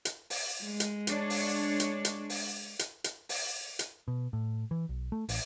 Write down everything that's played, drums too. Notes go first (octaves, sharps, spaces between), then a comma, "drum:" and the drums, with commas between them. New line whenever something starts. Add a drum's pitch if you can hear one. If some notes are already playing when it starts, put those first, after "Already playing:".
drum: hi-hat
drum: open hi-hat
G#3
drum: hi-hat
D4 C#5, drum: hi-hat
drum: open hi-hat
drum: hi-hat
drum: hi-hat
drum: open hi-hat
drum: hi-hat
drum: hi-hat
drum: open hi-hat
drum: hi-hat
B2
A2
E3
B1
A3
A1, drum: open hi-hat